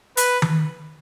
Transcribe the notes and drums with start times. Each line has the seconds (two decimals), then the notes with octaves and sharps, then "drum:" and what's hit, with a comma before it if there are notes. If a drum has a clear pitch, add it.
0.17 B4, drum: hi-hat
0.42 drum: tom D#3